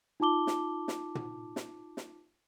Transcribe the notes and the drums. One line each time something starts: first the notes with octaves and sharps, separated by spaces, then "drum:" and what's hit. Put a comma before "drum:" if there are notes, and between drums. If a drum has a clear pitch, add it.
D#4 F4 A5 D6 G7
drum: snare
drum: snare
drum: tom
drum: snare
drum: snare